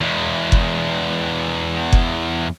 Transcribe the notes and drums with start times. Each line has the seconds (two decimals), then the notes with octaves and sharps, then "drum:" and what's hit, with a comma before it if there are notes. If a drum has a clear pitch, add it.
0.01 E2 G#3
0.52 drum: kick F#1
1.93 drum: kick F#1